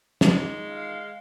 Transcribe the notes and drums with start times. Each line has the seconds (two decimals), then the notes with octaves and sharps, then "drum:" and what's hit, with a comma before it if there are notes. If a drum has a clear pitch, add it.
0.21 D#3 G#3 F4 D5, drum: snare
0.70 F5